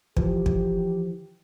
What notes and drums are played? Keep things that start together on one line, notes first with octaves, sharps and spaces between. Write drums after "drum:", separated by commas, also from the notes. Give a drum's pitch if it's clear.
E3 F3 G4, drum: kick
drum: kick